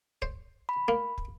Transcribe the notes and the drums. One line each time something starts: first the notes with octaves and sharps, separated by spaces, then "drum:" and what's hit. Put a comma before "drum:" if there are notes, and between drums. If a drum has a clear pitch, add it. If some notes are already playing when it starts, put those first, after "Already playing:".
C5, drum: kick
B5
A#3
drum: kick